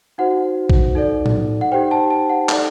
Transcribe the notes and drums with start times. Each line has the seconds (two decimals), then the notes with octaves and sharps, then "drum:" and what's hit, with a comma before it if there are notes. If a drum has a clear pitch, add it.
0.18 D#4 F#4 C5 F#5
0.70 drum: kick
0.95 D#4 A4 D5
1.26 drum: tom A2
1.61 F#5
1.72 D#4 G4 C5 G5
1.91 A5
2.10 A5
2.29 F#5
2.49 D#4 A4 D5, drum: clap